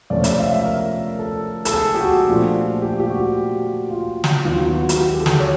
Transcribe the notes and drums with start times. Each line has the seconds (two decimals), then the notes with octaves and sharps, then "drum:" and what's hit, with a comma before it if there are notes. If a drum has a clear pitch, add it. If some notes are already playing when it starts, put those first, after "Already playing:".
0.10 F2 C3 F3 A3 C#4 D5
0.24 E5, drum: hi-hat
0.38 F5
0.51 E5
0.65 A#4
1.19 A4
1.65 A4, drum: hi-hat
1.73 G#4
1.94 G4
2.01 F#4
2.28 A#2 F3 A3 D4
2.82 G4
3.00 G4
3.10 F#4
3.90 F4
4.24 drum: snare
4.45 D#2 D#3 F#3 B3 E4 F4
4.51 F#4
4.60 F4
4.71 F#4
4.89 F#4, drum: hi-hat
4.99 G4
5.12 G#4
5.20 A4
5.26 G#4, drum: snare
5.40 C#5